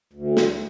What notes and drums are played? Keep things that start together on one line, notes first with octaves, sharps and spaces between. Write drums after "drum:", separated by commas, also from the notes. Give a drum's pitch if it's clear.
D2
drum: snare